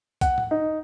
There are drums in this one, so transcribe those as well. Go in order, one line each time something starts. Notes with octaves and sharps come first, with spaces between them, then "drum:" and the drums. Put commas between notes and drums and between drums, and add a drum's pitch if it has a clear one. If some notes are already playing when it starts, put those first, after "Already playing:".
F#5, drum: kick C2, hi-hat
drum: tom A2
D#4